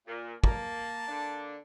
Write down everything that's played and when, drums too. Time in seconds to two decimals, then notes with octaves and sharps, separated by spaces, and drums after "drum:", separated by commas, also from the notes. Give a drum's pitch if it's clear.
0.07 A#2
0.44 A#3 A5, drum: kick
1.08 D3 A#3 D4